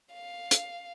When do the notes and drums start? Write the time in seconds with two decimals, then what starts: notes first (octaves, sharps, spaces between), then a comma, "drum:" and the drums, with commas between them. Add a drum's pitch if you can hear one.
0.14 F5
0.51 drum: hi-hat